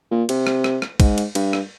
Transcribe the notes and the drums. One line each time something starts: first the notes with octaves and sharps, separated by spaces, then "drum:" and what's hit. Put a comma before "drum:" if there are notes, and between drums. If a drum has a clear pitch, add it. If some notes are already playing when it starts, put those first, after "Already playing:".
A#2
C3, drum: cymbal
drum: rim click
drum: rim click
drum: rim click
G#2, drum: kick, cymbal
drum: cymbal
G2, drum: cymbal
drum: rim click